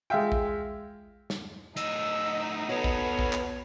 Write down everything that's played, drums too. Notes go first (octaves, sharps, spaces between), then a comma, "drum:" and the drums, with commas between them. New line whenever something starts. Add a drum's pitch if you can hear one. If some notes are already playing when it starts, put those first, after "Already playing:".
G#3 F4 E5 F5 G5
drum: kick A#1
drum: snare
A2 D#4 D#5 E6, drum: hi-hat
B3 F#4 A4 C#5
drum: kick A#1
drum: kick A#1
drum: clap